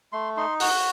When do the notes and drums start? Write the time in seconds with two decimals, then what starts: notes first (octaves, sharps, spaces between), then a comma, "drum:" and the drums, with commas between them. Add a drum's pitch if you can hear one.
0.12 A3 C6
0.37 D#4 C6
0.60 F#4 F#5, drum: open hi-hat